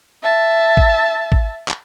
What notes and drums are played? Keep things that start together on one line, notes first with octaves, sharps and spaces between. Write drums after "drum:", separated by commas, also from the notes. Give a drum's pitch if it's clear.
E5 A5
drum: kick
drum: kick
drum: clap